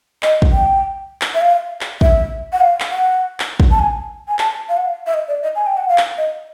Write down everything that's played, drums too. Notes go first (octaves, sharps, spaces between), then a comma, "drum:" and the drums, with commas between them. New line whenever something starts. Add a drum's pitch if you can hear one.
D#5, drum: clap
drum: kick
G5
drum: clap
E5
F5
drum: clap
E5, drum: kick
F#5
F5
drum: clap
F#5
drum: clap
drum: kick
A5
G#5
G#5
A5, drum: clap
F5
F#5
F5
E5
D#5
D5
D#5
G#5
G5
F#5
F5
drum: clap
D#5